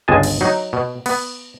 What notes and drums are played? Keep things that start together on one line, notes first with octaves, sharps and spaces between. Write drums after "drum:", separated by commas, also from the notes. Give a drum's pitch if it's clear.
G1 C#2 G#3 D#5 G#5 A5
drum: cymbal
F#3 D#4
B2
B3, drum: cymbal